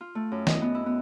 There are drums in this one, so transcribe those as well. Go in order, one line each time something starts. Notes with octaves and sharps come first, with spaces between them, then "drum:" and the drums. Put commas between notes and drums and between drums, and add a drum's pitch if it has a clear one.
F4
A3
F#2
D#5, drum: snare
B3
E4
B3